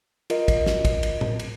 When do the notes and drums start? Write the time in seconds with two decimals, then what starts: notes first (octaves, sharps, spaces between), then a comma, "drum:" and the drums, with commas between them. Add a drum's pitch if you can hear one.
0.30 F4 A#4 D#5, drum: cymbal
0.48 drum: kick, cymbal
0.66 drum: snare
0.85 drum: kick, cymbal
1.03 drum: cymbal
1.21 drum: tom A2
1.39 drum: cymbal